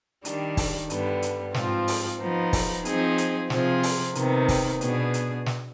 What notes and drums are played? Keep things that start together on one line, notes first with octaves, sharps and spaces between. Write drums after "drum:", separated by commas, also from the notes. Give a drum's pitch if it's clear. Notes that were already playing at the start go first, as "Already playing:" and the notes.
D#3 G3 D4, drum: hi-hat
drum: kick, open hi-hat
G2 D3 G3 B3, drum: hi-hat
drum: hi-hat
G#2 F3 C4 F4, drum: snare
drum: open hi-hat
F3 B3 D#4
drum: kick, open hi-hat
F3 C4 D#4 G#4, drum: hi-hat
drum: hi-hat
C3 F3 C4 F4 G#4, drum: snare
drum: open hi-hat
C3 D#3 B3, drum: hi-hat
drum: kick, open hi-hat
B2 B3 D4 G#4, drum: hi-hat
drum: hi-hat
drum: snare